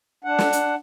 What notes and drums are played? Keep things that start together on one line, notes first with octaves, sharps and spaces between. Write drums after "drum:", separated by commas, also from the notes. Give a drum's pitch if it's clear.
D4 F#5
drum: snare
drum: hi-hat